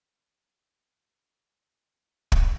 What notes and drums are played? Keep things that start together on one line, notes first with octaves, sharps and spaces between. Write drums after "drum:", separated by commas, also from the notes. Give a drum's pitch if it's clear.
F2 D3 G3 F4
A#2 F3 A3 A4
C5
A2 G3
A#4
drum: kick